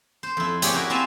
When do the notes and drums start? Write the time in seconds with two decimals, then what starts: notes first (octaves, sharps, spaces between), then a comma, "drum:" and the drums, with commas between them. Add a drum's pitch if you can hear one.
0.23 C5
0.37 F2 E4
0.62 G4 G#4 C#5 D5, drum: hi-hat
0.74 E4 F#4 G4 A#4 B4
0.90 C4 E4 F5 G#5 A5